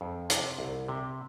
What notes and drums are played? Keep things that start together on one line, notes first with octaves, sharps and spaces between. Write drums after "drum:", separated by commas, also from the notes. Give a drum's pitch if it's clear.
F2
C3, drum: hi-hat
C2
C3